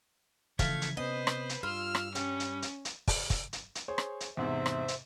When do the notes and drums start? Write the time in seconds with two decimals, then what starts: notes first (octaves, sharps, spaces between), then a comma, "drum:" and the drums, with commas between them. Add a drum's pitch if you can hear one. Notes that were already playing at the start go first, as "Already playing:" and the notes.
0.59 C#3 E3 F3 A3 F5 G#6 B6, drum: kick, hi-hat
0.82 drum: hi-hat
0.97 C3 B3 C#4 B4 C5 D#5
1.27 drum: rim click
1.49 drum: hi-hat
1.63 G2 F4 E6 F6
1.95 drum: rim click
2.15 G3 C#4, drum: hi-hat
2.40 drum: hi-hat
2.62 drum: hi-hat
2.85 drum: hi-hat
3.08 drum: kick, open hi-hat
3.30 drum: kick, hi-hat
3.53 drum: hi-hat
3.75 drum: hi-hat
3.88 G#4 C5 C#5
3.98 drum: rim click
4.20 drum: hi-hat
4.37 E2 G#2 C3 C5 E5
4.66 drum: rim click
4.88 drum: hi-hat